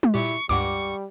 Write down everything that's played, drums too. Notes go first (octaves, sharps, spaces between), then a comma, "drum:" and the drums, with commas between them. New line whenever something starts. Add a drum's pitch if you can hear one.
drum: tom G3
A#2 E4 G4 C#6
drum: tambourine
C#2 G2 G3 F#5 C#6 D6